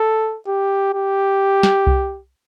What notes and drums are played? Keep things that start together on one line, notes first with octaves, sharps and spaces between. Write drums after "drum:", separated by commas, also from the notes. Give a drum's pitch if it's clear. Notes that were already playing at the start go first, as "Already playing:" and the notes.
Already playing: A4
G4
G4
drum: snare
drum: kick C2